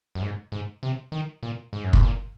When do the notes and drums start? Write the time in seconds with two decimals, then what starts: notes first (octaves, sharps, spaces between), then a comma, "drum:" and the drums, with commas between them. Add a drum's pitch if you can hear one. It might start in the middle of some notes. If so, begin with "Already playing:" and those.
0.15 F#2
0.22 G#2
0.52 G#2
0.83 C3
1.12 D#3
1.43 A#2
1.73 G#2
1.84 F#2
1.93 G#2, drum: kick
2.02 A#2